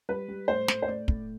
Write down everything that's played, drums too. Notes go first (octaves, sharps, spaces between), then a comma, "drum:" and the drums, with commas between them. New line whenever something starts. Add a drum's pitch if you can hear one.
G3 B4
G3
A2 C5
A2, drum: snare
C5
A2 D5
A2, drum: kick